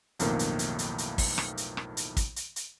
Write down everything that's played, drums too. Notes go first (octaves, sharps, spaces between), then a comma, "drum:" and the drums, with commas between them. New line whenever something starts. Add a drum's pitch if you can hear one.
B1 F2 A2 D#3 A#3 B3, drum: hi-hat
drum: hi-hat
drum: hi-hat
drum: hi-hat
drum: hi-hat
drum: kick, open hi-hat
drum: rim click
drum: hi-hat
drum: rim click
drum: hi-hat
drum: kick, hi-hat
drum: hi-hat
drum: hi-hat